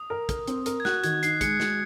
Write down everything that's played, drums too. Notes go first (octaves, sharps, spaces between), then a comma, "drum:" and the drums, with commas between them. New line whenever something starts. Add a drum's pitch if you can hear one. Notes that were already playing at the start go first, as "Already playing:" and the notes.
Already playing: D#6
A#4
A#4, drum: kick, hi-hat
C4, drum: hi-hat
A#4, drum: hi-hat
G#6
F#4 F#6, drum: snare
D#3 G#6, drum: hi-hat
D#4 C7, drum: hi-hat
G#3 C#7, drum: kick, hi-hat
F#4, drum: snare